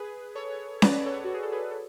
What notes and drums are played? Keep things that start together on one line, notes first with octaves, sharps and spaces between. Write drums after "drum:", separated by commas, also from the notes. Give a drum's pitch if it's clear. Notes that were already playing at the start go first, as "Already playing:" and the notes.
Already playing: G#4 B4
A4 C#5
B4 D5, drum: snare C#4
A4 C#5
F#4
G#4
A4
G#4 B4
A4